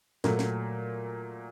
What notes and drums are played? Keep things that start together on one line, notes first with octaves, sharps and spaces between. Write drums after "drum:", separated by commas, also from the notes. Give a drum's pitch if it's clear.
A#2 F#3 A3, drum: snare
drum: snare